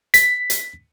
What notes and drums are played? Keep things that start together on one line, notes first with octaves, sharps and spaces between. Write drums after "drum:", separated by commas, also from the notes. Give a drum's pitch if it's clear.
B6, drum: hi-hat
drum: hi-hat